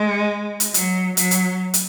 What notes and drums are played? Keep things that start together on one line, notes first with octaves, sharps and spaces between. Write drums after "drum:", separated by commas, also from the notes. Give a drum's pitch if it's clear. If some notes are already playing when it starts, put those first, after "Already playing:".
Already playing: G#3
drum: hi-hat
F#3, drum: hi-hat
F#3, drum: hi-hat
drum: hi-hat
drum: hi-hat